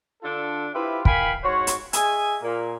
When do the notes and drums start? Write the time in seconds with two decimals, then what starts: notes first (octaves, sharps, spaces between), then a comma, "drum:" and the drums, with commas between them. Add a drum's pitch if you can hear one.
0.23 D3 D4 F4 A4
0.74 E4 F4 G4 B4 C5 E5
1.05 A#4 F5 G5 G#5 B5, drum: kick
1.43 G#2 F#4 C5 C#5
1.67 drum: hi-hat
1.93 G#4 D#5 E5 G#5, drum: hi-hat
2.42 A#2 A#3